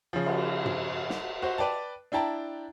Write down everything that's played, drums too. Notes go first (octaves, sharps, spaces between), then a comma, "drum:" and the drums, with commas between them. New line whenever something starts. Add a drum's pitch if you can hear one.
C#3 F3
drum: cymbal
drum: tom
drum: snare
F#4 C5
B4 D5 G5 A5
D4 E4 G5 A5 A#5